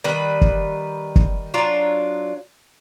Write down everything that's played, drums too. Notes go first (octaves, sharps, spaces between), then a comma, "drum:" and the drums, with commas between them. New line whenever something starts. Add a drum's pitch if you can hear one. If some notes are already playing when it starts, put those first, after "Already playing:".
D#3 G3 B4
drum: kick
drum: kick
F#3 D4 F4 A#5